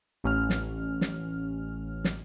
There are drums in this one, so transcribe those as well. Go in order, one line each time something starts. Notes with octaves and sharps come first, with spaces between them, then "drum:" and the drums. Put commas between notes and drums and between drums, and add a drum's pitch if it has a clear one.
A1 C#4 F6
drum: snare
drum: snare
drum: snare